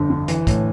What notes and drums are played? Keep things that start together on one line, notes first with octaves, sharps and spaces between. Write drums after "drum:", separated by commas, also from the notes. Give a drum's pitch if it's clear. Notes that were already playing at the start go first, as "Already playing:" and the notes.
Already playing: G1 F2 D3
D3
E3, drum: hi-hat
A2, drum: kick, hi-hat